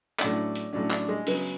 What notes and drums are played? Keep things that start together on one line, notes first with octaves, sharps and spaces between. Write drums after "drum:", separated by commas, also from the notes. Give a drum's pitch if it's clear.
A2 F#3 C#4 D4, drum: clap
drum: hi-hat
A2 F#3 C#4 D4
D4, drum: clap
G#3 G#4
C#3 F#3 B3, drum: open hi-hat